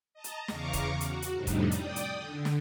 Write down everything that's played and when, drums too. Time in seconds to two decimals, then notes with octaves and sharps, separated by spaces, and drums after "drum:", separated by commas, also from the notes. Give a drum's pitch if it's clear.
0.14 D#5 A5 A#5
0.24 drum: hi-hat
0.48 E2 C#3 F5 A#5 C#6 D6, drum: snare
0.73 drum: kick, hi-hat
1.01 F#4, drum: hi-hat
1.22 drum: hi-hat
1.35 F2 A2 C3 G3 D4 D#4
1.47 drum: kick, hi-hat
1.71 D5 G5 D#6, drum: hi-hat
1.96 drum: hi-hat
2.16 D3
2.45 drum: snare